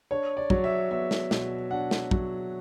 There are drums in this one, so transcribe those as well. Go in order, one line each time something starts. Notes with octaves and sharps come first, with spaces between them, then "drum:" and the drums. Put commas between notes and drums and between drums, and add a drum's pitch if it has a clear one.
D4 C#5
D5
F#3, drum: kick
E5
B3 E5
drum: snare
B2, drum: snare
D4 F#5
drum: snare
F#3, drum: kick